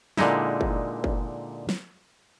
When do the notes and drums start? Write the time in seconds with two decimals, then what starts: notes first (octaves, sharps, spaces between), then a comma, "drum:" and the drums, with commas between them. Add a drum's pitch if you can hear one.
0.17 A#2 D3 G#3 D#4 E4, drum: snare
0.61 drum: kick F#1
1.04 drum: kick F#1
1.69 drum: snare